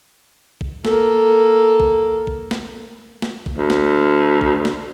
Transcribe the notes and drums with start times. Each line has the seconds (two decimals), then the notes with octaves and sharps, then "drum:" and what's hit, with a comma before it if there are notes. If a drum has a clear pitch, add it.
0.61 drum: kick
0.85 A#3 A4, drum: snare
1.80 drum: kick
2.27 drum: kick
2.51 drum: snare
3.22 drum: snare
3.46 drum: kick
3.57 D2
3.70 drum: snare
4.41 drum: kick
4.65 drum: snare